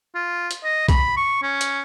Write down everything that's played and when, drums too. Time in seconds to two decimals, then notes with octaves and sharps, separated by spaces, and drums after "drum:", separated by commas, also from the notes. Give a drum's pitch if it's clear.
0.15 F4
0.51 drum: hi-hat
0.64 D#5
0.89 B5, drum: kick B1, hi-hat
1.17 C#6
1.42 C#4
1.61 drum: hi-hat